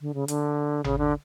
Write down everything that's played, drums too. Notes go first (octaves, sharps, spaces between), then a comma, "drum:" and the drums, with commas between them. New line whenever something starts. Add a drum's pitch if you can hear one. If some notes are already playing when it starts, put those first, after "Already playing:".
D3
C#3
D3, drum: hi-hat
C#3, drum: tom G#1
D3